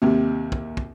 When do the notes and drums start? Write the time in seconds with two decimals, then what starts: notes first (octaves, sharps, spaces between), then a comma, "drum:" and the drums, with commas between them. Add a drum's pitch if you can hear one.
0.02 D#2 C3
0.52 drum: kick
0.77 drum: kick